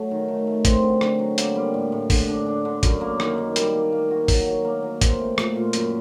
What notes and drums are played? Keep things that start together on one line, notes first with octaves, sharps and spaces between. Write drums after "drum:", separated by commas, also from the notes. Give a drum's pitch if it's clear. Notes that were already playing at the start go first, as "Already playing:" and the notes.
Already playing: F#3 A3
D#3
A3
A3
C4, drum: kick, hi-hat
D3
D3, drum: rim click
F#3
A#3, drum: hi-hat
G3
A2
A2
D3, drum: kick, open hi-hat
D4
D4
D3
F#2, drum: kick, hi-hat
A#3
D#3, drum: rim click
A#3
G3, drum: hi-hat
A#3
A#3
F#4
F#3, drum: kick, open hi-hat
F#3
A#3
F#3
C4, drum: kick, hi-hat
A3
A#2, drum: rim click
A#2
F#2, drum: hi-hat